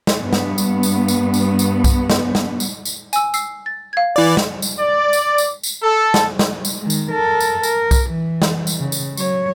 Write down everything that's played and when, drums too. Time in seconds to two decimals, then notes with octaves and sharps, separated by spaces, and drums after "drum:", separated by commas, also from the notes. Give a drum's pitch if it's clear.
0.07 drum: snare
0.20 G2 B3
0.33 drum: snare
0.58 drum: tambourine
0.83 drum: tambourine
1.08 drum: tambourine
1.34 drum: tambourine
1.59 drum: tambourine
1.84 drum: kick B1, tambourine
2.10 drum: snare
2.35 drum: snare
2.60 drum: tambourine
2.85 drum: tambourine
3.13 G#5 E6, drum: tambourine
3.34 E6 C7, drum: tambourine
3.66 A6
3.93 F5 G#6
4.16 E3 D5
4.37 drum: snare
4.62 drum: tambourine
4.79 D5
5.13 drum: tambourine
5.38 drum: tambourine
5.64 drum: tambourine
5.82 A4
6.14 drum: snare
6.39 drum: snare
6.65 drum: tambourine
6.80 D#3 G#3
6.90 drum: tambourine
7.12 A4 A#4
7.40 drum: tambourine
7.63 A#4, drum: tambourine
7.91 drum: kick B1, tambourine
8.10 E3
8.42 drum: snare
8.67 drum: tambourine
8.79 C#3
8.92 drum: tambourine
9.17 F#3 C#5, drum: tambourine